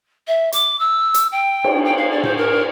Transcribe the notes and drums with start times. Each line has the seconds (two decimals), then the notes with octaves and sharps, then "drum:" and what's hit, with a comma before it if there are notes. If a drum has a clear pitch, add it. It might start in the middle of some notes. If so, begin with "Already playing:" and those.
0.27 E5
0.52 D6, drum: hi-hat
0.79 E6
1.14 drum: hi-hat
1.31 G5
1.64 drum: cymbal
1.85 G5
1.97 F5
2.11 D5
2.23 C5, drum: tom A2
2.37 A#4